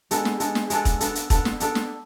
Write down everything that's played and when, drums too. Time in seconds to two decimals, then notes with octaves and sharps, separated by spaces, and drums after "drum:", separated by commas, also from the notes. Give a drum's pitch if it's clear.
0.11 G#3 B3 D4 A4, drum: hi-hat
0.25 drum: snare
0.40 G#3 B3 D4 A4, drum: hi-hat
0.55 drum: snare
0.70 G#3 B3 D4 A4, drum: hi-hat
0.85 drum: kick, hi-hat
1.00 B3 D4 A4, drum: hi-hat
1.15 drum: hi-hat
1.30 B3 D4 A4, drum: kick, hi-hat
1.45 drum: snare
1.60 B3 D4 A4, drum: hi-hat
1.75 drum: snare